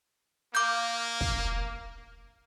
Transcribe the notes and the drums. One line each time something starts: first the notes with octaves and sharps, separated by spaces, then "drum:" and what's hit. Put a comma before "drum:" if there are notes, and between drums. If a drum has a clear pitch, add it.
A#3 D6 G6
drum: kick